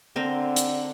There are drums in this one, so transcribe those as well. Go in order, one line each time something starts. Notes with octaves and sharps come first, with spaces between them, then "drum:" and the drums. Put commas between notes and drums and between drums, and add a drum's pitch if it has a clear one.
D3 C4 A#4 C5
drum: hi-hat